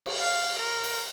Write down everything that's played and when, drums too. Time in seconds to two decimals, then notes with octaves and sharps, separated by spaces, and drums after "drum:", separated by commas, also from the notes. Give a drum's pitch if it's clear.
0.06 drum: cymbal
0.20 F5
0.59 A#4
0.83 drum: open hi-hat